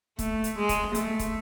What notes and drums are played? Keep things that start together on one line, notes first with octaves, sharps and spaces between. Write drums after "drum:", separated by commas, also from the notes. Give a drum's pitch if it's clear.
A3, drum: kick, hi-hat
drum: hi-hat
G#3
drum: kick, hi-hat
A3, drum: hi-hat
drum: kick, hi-hat